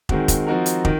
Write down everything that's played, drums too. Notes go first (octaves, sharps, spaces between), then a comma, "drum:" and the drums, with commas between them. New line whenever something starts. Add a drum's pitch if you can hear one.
D#3 G#3 C4 F#4, drum: kick
drum: kick, hi-hat
F3 C4 D#4 F#4 A#4
drum: hi-hat
D#3, drum: kick